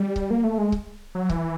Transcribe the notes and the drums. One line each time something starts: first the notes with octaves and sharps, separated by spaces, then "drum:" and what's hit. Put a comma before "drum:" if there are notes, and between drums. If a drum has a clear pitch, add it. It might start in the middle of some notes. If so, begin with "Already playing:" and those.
Already playing: G3
drum: kick C#1
A#3
A3
G#3
drum: kick C#1
F#3
E3, drum: kick C#1